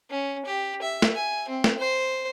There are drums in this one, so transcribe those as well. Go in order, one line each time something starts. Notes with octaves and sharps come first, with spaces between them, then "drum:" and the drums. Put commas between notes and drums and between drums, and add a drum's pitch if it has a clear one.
C#4
G4
E5
drum: snare
G#5
C4
drum: snare
C5